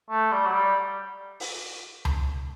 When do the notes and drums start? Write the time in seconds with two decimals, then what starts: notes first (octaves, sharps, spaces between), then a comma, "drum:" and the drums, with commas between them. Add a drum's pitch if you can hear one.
0.10 A3
0.32 G3
0.46 F#3
0.54 G3
1.40 drum: open hi-hat
2.05 drum: tom C#2